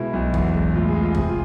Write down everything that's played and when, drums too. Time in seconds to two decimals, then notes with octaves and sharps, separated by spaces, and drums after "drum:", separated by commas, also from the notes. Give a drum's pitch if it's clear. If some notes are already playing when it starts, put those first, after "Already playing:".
Already playing: B2 G#3 E4
0.13 B1
0.34 E2, drum: kick
0.53 G#3
0.74 A2 F4
0.88 G#4
0.94 G#3
1.02 F4
1.15 C3 G#4, drum: kick
1.29 F4